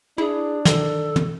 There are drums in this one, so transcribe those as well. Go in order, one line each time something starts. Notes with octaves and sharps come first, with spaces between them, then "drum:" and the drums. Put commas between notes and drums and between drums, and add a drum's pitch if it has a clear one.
D4 E4 G#4
D#3 A4, drum: snare
drum: tom